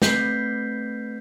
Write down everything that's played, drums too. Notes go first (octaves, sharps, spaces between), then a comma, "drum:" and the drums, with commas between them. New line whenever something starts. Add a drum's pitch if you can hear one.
A3 C4 B4 G6 B6 C7, drum: snare